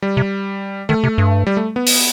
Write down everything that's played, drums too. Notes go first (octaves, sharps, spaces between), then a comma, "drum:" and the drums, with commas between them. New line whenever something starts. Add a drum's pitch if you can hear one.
G3
C3
D#3 A3
C3
G2
G3
A3
B3
drum: open hi-hat